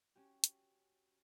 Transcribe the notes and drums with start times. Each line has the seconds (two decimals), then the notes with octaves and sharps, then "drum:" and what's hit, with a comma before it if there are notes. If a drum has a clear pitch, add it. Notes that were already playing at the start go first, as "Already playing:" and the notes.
0.15 C#4 F#4 G4
0.44 drum: hi-hat